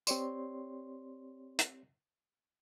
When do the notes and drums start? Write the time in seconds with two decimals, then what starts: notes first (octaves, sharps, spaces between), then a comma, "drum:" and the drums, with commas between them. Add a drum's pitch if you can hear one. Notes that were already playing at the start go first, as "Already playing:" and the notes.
0.07 C4 G4 C#5 D5 C6, drum: tambourine
1.59 drum: hi-hat